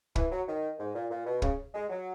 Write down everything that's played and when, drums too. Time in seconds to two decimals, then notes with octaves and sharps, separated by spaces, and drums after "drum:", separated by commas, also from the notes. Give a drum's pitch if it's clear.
0.16 E3, drum: kick
0.32 F#3
0.48 D#3
0.79 G#2
0.95 A#2
1.11 A#2
1.26 B2
1.42 C#3, drum: kick
1.74 G#3
1.89 F#3